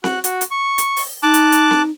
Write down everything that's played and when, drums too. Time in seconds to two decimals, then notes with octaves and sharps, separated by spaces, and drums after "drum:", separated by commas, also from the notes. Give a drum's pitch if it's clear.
0.04 F#4 F#6, drum: snare C4
0.24 F#4, drum: hi-hat
0.41 drum: hi-hat
0.51 C#6
0.78 drum: hi-hat
0.97 drum: open hi-hat
1.23 D#4 A5 D6 F#6
1.34 drum: hi-hat
1.52 drum: hi-hat
1.71 drum: snare C4